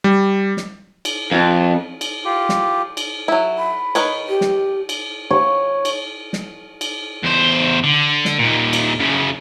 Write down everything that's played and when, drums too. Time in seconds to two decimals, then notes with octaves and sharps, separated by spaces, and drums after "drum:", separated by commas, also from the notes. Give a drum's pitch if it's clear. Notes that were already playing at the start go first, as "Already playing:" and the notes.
0.04 G3
0.57 drum: snare
1.05 drum: cymbal
1.31 F2
2.01 drum: cymbal
2.25 F4 G4
2.49 drum: snare
2.97 drum: cymbal
3.28 F#3 E4
3.58 B5
3.95 D#3 B4 C#5, drum: cymbal
4.29 G4
4.41 drum: snare
4.89 drum: cymbal
5.31 C#5
5.85 drum: cymbal
6.33 drum: snare
6.81 drum: cymbal
7.23 E2 C5
7.84 D3
8.25 drum: snare
8.39 D#2 A#2
8.73 drum: cymbal
9.00 F#2 C#3